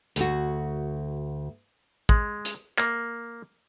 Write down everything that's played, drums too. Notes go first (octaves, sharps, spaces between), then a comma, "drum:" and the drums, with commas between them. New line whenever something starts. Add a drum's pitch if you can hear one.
D2 F#4, drum: hi-hat
G#3, drum: kick
drum: hi-hat
A#3, drum: clap